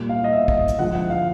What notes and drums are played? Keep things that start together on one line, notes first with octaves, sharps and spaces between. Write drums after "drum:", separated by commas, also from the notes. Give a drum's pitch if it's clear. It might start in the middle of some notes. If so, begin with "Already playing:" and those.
Already playing: A#2 G3
F5
D#5
E5
D#5, drum: kick
drum: hi-hat
D3 F3 G#3 F#5
F#5
F5